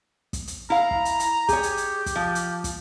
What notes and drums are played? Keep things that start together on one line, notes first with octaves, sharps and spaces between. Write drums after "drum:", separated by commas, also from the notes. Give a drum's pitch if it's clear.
drum: kick, hi-hat
drum: hi-hat
E4 F5 A#5
drum: kick
drum: hi-hat
drum: hi-hat
G4 G#4 C#5, drum: kick, hi-hat
drum: hi-hat
drum: hi-hat
drum: kick, hi-hat
F3
drum: hi-hat
drum: kick, hi-hat